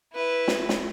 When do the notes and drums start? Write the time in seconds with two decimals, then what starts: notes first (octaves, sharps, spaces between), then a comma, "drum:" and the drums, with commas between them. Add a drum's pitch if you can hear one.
0.13 E4 B4
0.48 drum: snare
0.69 drum: snare